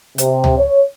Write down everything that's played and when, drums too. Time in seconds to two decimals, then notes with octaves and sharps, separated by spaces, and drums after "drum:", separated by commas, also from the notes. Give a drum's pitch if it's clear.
0.18 C3, drum: hi-hat
0.44 drum: tom C#2
0.59 C#5